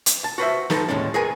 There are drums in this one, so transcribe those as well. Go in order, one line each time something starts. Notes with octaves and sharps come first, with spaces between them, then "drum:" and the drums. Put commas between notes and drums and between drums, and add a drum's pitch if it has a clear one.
drum: hi-hat
A5
F#4 B4 C5 E5
F3 D#4 A4 B4, drum: snare
D#2 A2 G#3 C#4 D5
G#4 A#4 B4 G#5